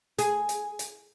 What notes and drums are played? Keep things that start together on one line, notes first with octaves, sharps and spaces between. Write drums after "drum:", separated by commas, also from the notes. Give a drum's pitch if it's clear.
G#4, drum: hi-hat
drum: hi-hat
drum: hi-hat